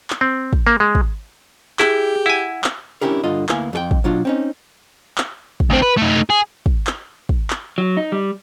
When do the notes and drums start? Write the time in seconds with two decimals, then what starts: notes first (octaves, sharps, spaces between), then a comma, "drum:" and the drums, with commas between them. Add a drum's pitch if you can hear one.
0.10 drum: clap
0.21 C4
0.53 drum: kick
0.67 A#3
0.80 G#3
0.95 drum: kick
1.79 E4 G4 G#4, drum: clap
2.26 E4 F#5 G#5
2.64 drum: clap
3.01 C#4 D4 E4 G4 G#4 A#4
3.24 G2 D3 F4 D#5
3.49 D2 A#3 B3 E4 F5 G#5, drum: clap
3.73 F2 A4 G5
3.91 drum: kick
4.04 B2 F#3 D4 F4
4.25 C4 C#4 D#4
5.18 drum: clap
5.60 drum: kick
5.70 D2 C4
5.83 B4
5.98 A3 D#4
6.30 G#4
6.66 drum: kick
6.87 drum: clap
7.29 drum: kick
7.50 drum: clap
7.78 F#3
7.97 D#4
8.12 G3